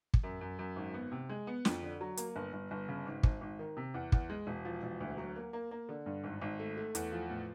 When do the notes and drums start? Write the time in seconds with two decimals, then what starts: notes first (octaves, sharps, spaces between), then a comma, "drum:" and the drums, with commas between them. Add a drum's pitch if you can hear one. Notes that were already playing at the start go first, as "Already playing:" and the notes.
0.14 drum: kick
0.24 F#2
0.41 F#2
0.59 F#2
0.76 G#1
0.94 B3
1.12 C3
1.29 G#3
1.47 B3
1.65 F2, drum: snare
1.83 D3
2.01 F#3
2.17 A#3, drum: hi-hat
2.36 G1
2.53 G1
2.71 G1
2.88 C#3
3.06 G#1
3.23 G#1, drum: kick
3.41 G#1
3.59 D#3
3.77 C3
3.94 E2
4.12 E2, drum: kick
4.30 G#3
4.47 E1
4.65 F3
4.83 E1
5.00 D2
5.18 F#3
5.36 A#3
5.53 A#3
5.71 A#3
5.89 D3
6.06 G2
6.24 G#1
6.41 G#1
6.59 A3
6.77 A3
6.95 E2, drum: hi-hat
7.12 F3
7.30 A2